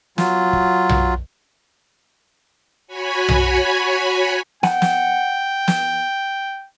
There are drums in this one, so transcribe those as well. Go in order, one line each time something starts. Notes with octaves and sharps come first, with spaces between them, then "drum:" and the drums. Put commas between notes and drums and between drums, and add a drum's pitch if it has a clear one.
F#3 F4, drum: snare
drum: kick
drum: tom B1
F#4 C#5 G#5 B5
drum: tom B1
F#5 G5, drum: snare
drum: snare
drum: snare